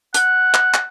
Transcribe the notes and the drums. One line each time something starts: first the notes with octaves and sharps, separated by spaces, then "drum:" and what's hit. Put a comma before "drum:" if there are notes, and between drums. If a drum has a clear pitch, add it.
F#5, drum: hi-hat
drum: clap
drum: clap